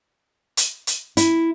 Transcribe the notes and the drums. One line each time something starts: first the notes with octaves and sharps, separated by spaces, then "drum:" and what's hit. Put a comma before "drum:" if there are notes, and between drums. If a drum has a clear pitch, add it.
drum: hi-hat
drum: hi-hat
E4, drum: hi-hat